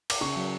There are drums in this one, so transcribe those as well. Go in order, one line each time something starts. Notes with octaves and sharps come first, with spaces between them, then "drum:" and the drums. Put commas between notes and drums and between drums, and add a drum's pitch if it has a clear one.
D6, drum: cymbal
C#3 C#6
F#3